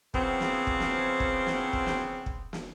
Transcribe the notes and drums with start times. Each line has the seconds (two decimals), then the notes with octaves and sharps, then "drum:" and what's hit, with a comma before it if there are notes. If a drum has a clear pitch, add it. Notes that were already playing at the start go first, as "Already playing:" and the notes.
0.14 C#3 F3 B3 C4, drum: kick
0.40 drum: snare
0.67 drum: kick
0.80 drum: snare
1.20 drum: kick
1.47 drum: snare
1.73 drum: kick
1.86 drum: snare
2.26 drum: kick
2.53 drum: snare